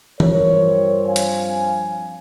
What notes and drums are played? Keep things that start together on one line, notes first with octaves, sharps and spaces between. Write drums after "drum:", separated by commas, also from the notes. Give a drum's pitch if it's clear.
G2 F3 C4 A#4 C#5, drum: tom E3
F5 G#5
drum: hi-hat